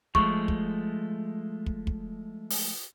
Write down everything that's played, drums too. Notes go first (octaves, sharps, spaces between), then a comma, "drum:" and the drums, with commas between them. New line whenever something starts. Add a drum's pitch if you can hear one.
F3 G#3 A3 C#6, drum: kick
drum: kick
drum: kick
drum: kick
drum: open hi-hat